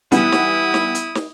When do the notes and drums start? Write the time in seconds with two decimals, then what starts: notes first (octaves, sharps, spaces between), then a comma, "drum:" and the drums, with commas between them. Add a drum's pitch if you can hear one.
0.12 E3 G3 B3 E4 D#6, drum: hi-hat
0.32 drum: snare
0.74 drum: snare
0.95 drum: hi-hat
1.15 drum: snare